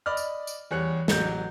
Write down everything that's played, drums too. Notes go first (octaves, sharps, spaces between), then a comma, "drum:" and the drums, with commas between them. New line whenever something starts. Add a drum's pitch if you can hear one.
D5 D#5 B5 F6
drum: tambourine
drum: tambourine
E2 G3 C#5 F#6 C#7
A1 F#3 G6, drum: snare